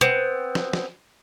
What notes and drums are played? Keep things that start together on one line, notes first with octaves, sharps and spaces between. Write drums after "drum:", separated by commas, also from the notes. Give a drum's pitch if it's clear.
B3 C4, drum: tom
drum: snare
drum: snare